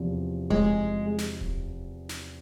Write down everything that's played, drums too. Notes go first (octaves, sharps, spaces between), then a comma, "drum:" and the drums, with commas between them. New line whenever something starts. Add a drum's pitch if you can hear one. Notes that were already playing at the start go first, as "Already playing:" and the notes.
Already playing: E2 C3 F3
G#3, drum: kick D1
drum: snare
drum: kick D1
drum: snare